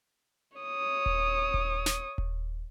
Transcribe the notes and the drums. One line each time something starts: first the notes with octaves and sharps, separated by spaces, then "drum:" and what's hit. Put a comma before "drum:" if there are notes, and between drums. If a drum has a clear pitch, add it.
C#5 D#6
drum: kick D#1
drum: kick D#1
drum: snare
drum: kick D#1